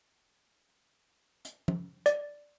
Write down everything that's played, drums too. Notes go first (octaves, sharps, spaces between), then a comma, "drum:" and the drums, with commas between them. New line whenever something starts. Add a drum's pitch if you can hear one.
drum: hi-hat
drum: tom
D5, drum: hi-hat